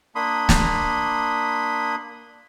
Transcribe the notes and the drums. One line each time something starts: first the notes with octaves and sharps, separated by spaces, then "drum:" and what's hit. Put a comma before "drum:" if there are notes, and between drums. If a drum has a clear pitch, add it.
A#3 D4 B5 C6 D#6
drum: snare